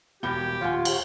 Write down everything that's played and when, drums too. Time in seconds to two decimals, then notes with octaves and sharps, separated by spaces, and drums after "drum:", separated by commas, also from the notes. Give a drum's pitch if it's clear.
0.23 E1 G3 G4 A#4 C#5 G7
0.61 D#2 A#2 F4 C#5 F#5 G#5
0.85 drum: cymbal